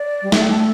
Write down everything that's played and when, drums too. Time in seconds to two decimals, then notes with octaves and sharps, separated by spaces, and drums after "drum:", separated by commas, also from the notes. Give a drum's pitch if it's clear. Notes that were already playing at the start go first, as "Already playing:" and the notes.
Already playing: D5
0.22 G3
0.32 A3 E5, drum: snare
0.42 G5
0.51 A5